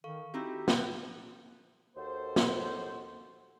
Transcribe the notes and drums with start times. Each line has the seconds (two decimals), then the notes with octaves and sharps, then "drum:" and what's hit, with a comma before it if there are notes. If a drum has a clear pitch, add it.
0.04 D#3 A4 F5 C#6
0.34 C4 D#4 E4 F#4 G4 A#5 E6
0.68 F#6, drum: snare
1.96 D#2 F#4 A4 C5
2.36 drum: snare